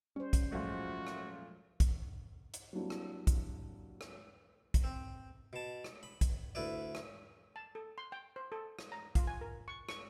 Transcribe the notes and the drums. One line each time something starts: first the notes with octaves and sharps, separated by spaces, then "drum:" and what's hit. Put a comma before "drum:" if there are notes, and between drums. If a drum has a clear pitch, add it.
G3 C#4 C5
drum: kick, hi-hat
A#2 F3 F#3 G#3 A3 F#4
drum: rim click
drum: kick, hi-hat
drum: hi-hat
F#3 G3 A#3 C4 D4 E4
drum: rim click
drum: kick, hi-hat
drum: rim click
drum: kick, hi-hat
C4
B2 A5
drum: rim click
B5
drum: kick, hi-hat
D2 E4 B4 D5
drum: rim click
A5
A4
C6
G5
C5
A4
drum: rim click
A#5
F4, drum: kick, hi-hat
G#5
A#4
C#6
C#6, drum: rim click